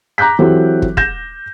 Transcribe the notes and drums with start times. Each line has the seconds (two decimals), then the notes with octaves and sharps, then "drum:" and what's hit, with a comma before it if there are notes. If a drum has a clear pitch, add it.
0.18 A#5 D6 F#6 G6 B6
0.39 E3 F#3 C4 G4 A4
0.82 drum: kick
0.97 G6 A#6 E7, drum: kick